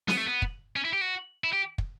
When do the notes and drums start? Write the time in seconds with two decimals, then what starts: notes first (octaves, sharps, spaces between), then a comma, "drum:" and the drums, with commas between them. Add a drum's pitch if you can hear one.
0.08 B3, drum: snare
0.17 A3
0.26 B3
0.42 drum: kick
0.76 C#4
0.85 E4
0.93 G4
1.01 F#4
1.44 E4
1.53 G4
1.78 drum: kick